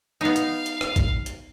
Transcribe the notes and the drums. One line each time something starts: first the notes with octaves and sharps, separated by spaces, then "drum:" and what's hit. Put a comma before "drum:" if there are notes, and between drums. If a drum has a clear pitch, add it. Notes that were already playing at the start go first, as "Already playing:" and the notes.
B3 D#4 F5
drum: hi-hat
drum: hi-hat
drum: rim click
drum: kick A1, hi-hat
drum: hi-hat